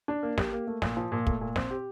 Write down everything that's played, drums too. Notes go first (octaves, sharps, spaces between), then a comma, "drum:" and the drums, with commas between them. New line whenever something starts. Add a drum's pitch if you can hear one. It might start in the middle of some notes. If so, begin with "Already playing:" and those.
D4
A#3
G4, drum: snare
A#3
A3
A#2, drum: snare
F3
A#2
A3, drum: kick
A#2
C4, drum: snare
G4